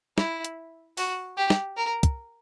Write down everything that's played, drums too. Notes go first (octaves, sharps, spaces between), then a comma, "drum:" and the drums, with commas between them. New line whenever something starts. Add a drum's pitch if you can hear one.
E4, drum: snare
drum: hi-hat
F#4, drum: open hi-hat
G4
drum: snare
A#4
drum: kick, hi-hat